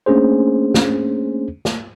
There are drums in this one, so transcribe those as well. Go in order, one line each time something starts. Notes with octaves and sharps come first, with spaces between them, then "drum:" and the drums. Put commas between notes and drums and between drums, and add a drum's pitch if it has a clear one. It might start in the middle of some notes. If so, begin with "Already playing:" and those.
A3 A#3 C#4 D4 G#4 C5
drum: snare
drum: snare